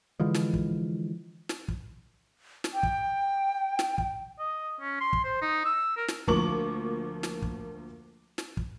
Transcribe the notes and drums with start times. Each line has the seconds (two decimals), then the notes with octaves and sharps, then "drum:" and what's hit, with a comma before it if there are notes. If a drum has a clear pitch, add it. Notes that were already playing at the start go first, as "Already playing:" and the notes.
0.20 D3 E3 F3 G#3
0.34 drum: snare
0.54 drum: kick
1.49 drum: snare
1.68 drum: kick
2.64 drum: snare
2.74 G5
2.83 drum: kick
3.79 drum: snare
3.98 drum: kick
4.39 D#5
4.81 C#4
5.01 C6
5.13 drum: kick
5.25 C5
5.42 D#4
5.65 E6
5.97 A#4
6.08 drum: snare
6.28 D2 F3 A#3 C#6 D6 F#7, drum: kick
7.23 drum: snare
7.42 drum: kick
8.38 drum: snare
8.57 drum: kick